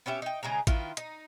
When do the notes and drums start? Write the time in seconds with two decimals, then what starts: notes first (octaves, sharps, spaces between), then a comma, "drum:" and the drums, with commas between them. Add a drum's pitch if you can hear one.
0.06 B3 C#4 G4 E5
0.22 D#4 G5
0.43 C#3 G#3 G#4 A#5
0.67 D#3 E4 F4 B4, drum: kick A1, hi-hat
0.97 D#4, drum: hi-hat